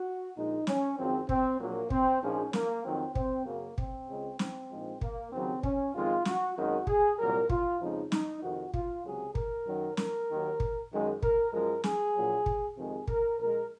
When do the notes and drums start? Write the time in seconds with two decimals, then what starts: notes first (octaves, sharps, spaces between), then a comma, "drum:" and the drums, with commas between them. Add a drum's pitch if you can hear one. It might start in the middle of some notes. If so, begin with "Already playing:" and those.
Already playing: F#4
0.35 A#1 A#2 G#3 D#4
0.67 C#4, drum: snare
0.97 G#1 F#2 F3 G#3 C4
1.29 C4, drum: kick
1.60 A#1 A#2 F#3 A#3
1.90 C4, drum: kick
2.22 A#1 G#2 F3 G#3 C#4
2.53 A#3, drum: snare
2.84 F2 D#3 F#3 C4
3.15 C4, drum: kick
3.46 F#2 C#3 F#3 A#3
3.78 C4, drum: kick
4.09 C#2 C#3 G#3
4.39 C4, drum: snare
4.71 A#1 G#2 F3 G#3
5.01 A#3, drum: kick
5.32 D#2 C#3 F#3 C4
5.63 C#4, drum: kick
5.94 F2 D#3 G#3 F4
6.25 F#4, drum: snare
6.56 G#1 F#2 D#3 G#3 F#4
6.87 G#4, drum: kick
7.19 C2 A#2 F#3 A#4
7.50 F4, drum: kick
7.80 F2 C#3 F3 G#3 D#4
8.12 D#4, drum: snare
8.43 F2 C3 D#3 F#4
8.74 F4, drum: kick
9.04 C#2 C3 F#3 G#4
9.35 A#4, drum: kick
9.67 F#2 D#3 F#3
9.97 A#4, drum: snare
10.29 D#2 D#3 F#3
10.60 drum: kick
10.91 F#2 D#3 G#3
11.23 A#4, drum: kick
11.53 F#2 F3 G#3 A#4
11.84 G#4, drum: snare
12.15 A#1 A#2 F#3
12.46 drum: kick
12.77 F2 C3 D#3 G#3 G#4
13.08 A#4, drum: kick
13.39 A#1 A#2 G#3 A#4